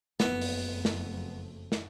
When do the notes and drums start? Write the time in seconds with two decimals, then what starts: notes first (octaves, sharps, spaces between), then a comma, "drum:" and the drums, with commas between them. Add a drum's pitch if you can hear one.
0.20 F#1 F2 A3 B3, drum: snare
0.41 drum: open hi-hat
0.85 drum: snare
1.72 drum: snare